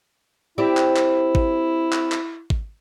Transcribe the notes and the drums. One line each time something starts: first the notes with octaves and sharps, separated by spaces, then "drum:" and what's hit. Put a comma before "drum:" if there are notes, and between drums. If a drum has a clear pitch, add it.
C4 E4 G4 D5
drum: clap
drum: clap
drum: kick
drum: clap
drum: clap
drum: kick